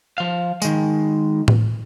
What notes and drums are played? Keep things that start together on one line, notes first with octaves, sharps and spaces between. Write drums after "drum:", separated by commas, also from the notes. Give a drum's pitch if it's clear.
F3 F5
D#3 G#3, drum: tambourine
drum: tom A2